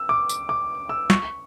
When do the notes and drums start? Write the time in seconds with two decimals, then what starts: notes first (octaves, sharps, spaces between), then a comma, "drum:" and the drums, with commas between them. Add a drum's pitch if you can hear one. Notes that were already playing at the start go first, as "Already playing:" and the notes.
Already playing: E6
0.09 D6
0.29 drum: tambourine
0.49 D6
0.89 E6
1.10 C#6, drum: snare